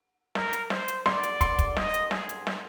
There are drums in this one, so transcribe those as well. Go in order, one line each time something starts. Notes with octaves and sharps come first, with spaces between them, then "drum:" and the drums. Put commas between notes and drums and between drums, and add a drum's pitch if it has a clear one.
A#4, drum: snare
drum: hi-hat
C5, drum: snare
drum: hi-hat
D5 C6, drum: snare
drum: hi-hat
C6, drum: kick, hi-hat
drum: kick, hi-hat
D#5, drum: snare
drum: hi-hat
G#4, drum: snare
drum: hi-hat
drum: snare